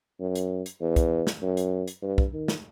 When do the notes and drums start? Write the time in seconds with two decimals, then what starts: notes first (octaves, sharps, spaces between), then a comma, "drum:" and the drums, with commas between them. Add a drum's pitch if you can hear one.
0.20 F#2
0.35 drum: hi-hat
0.66 drum: hi-hat
0.81 E2
0.96 drum: kick, hi-hat
1.27 drum: snare
1.42 F#2
1.57 drum: hi-hat
1.88 drum: hi-hat
2.02 G2
2.18 drum: kick
2.33 D#3
2.48 drum: snare